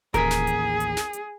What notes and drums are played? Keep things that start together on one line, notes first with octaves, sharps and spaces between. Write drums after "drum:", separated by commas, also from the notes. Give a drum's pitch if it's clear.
A1 D#2 G#4 A#4 B6, drum: kick D#1, hi-hat
drum: snare
drum: hi-hat
drum: hi-hat
drum: snare
drum: hi-hat